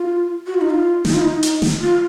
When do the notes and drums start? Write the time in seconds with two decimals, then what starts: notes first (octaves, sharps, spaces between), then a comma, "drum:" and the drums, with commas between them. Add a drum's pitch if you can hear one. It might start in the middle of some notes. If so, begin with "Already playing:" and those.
Already playing: F4
0.47 F#4
0.54 F4
0.61 D#4
0.70 F4
1.05 D#4, drum: snare
1.13 F4
1.21 D#4
1.43 drum: hi-hat
1.62 drum: snare
1.82 F4